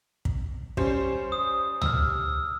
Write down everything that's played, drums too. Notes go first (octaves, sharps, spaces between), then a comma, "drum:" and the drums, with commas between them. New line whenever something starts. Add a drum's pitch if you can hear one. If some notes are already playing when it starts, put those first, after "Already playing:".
drum: kick
G3 C#4 C5, drum: kick
D#6
E6 F6, drum: tom C#2